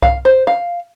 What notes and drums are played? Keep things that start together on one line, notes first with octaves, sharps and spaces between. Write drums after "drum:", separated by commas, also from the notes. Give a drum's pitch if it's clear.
F5, drum: kick C2
C5
F5